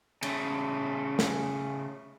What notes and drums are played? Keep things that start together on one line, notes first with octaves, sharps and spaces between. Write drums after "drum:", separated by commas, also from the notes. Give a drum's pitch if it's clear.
C#3 A3, drum: cymbal
drum: snare